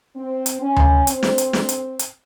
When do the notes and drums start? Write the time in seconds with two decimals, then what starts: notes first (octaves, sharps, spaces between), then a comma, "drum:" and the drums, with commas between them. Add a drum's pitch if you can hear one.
0.15 C4
0.46 drum: hi-hat
0.61 C#4
0.76 drum: tom D2
1.07 C4, drum: hi-hat
1.23 drum: snare
1.38 drum: hi-hat
1.53 drum: snare
1.69 drum: hi-hat
1.99 drum: hi-hat